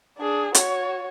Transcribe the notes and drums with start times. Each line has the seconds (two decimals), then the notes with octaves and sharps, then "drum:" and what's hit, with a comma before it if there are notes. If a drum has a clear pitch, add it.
0.18 D4 G#4
0.55 F#4 C#5, drum: hi-hat